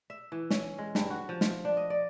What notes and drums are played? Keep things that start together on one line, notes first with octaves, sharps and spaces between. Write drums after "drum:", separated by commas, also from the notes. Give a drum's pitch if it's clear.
E5
E3
C#4, drum: snare
G#3
G2, drum: snare
F#4
F3
F4, drum: snare
D4
D#5
D5